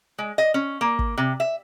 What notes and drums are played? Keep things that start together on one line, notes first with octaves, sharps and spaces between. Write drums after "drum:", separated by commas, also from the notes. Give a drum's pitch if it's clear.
G#3
D#5
C#4
A#3
drum: kick
C3
E5